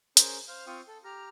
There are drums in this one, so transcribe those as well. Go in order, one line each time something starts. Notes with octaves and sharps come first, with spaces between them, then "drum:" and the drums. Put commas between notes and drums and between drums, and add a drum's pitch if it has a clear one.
C#4 G#4 A#4 C5, drum: hi-hat
C5 F5 F6
C4 F4 F5 G5 C#6 D#6
A4
G4 A#5 F6